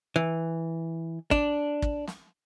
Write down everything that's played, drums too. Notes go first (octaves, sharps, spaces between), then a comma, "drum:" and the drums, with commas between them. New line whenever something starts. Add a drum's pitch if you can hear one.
E3
D4, drum: kick
drum: kick
drum: snare